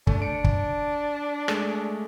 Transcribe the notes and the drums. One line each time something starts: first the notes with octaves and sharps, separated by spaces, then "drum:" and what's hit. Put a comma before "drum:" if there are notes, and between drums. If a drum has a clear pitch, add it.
A3 D4, drum: kick
C#7 D7
drum: kick
G#3 A3, drum: rim click